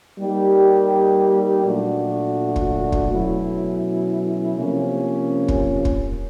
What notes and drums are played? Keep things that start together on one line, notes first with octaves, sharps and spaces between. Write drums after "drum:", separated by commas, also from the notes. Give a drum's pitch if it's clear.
G3 A#3 D#4 G4
A#2 F#3 A3 D4 F#4
drum: kick
drum: kick
B2 F#3 A3 C#4 E4
C3 F3 A#3 C#4
drum: kick
drum: kick